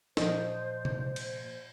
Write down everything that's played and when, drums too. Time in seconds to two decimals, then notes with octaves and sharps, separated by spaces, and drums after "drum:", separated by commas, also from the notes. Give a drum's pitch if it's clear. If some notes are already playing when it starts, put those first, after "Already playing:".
0.17 A#2 F3 F4 C5 D#5, drum: snare
0.85 drum: tom C3
1.16 drum: cymbal